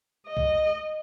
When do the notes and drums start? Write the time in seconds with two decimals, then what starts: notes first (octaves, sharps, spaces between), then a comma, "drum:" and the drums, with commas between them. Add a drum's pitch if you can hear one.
0.27 D#5
0.37 drum: kick B1